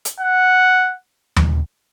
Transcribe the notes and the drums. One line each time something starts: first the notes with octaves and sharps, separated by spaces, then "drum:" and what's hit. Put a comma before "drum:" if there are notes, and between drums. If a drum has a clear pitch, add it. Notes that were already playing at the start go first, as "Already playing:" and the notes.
drum: hi-hat
F#5
drum: tom D#2